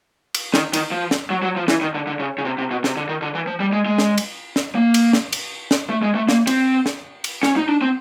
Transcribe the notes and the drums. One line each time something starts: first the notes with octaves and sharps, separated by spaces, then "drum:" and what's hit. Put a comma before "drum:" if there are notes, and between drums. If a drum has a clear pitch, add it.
drum: cymbal
D#3, drum: snare
D#3, drum: cymbal
F3
drum: snare
F#3
F#3
F3
E3, drum: snare
D#3
D3
D3
C#3
C#3
C3
C3
B2
C3, drum: snare
D3
D#3
D3
E3
F3
G3
G#3
G#3
drum: snare
drum: cymbal
drum: snare
A#3
drum: cymbal
drum: snare
drum: cymbal
drum: snare
A3
G#3
A3
A#3, drum: snare
C4, drum: cymbal
drum: snare
drum: cymbal
C#4, drum: snare
D#4
D4
C4